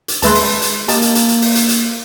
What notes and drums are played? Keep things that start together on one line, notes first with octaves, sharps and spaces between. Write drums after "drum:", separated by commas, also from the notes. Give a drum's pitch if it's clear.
drum: hi-hat
D#2 G#3 B4 E5 A5 C6, drum: hi-hat
drum: open hi-hat
drum: hi-hat
A#3 G4 A#4 D#5 A5, drum: hi-hat
drum: hi-hat
drum: hi-hat
drum: hi-hat
drum: open hi-hat
drum: hi-hat
drum: hi-hat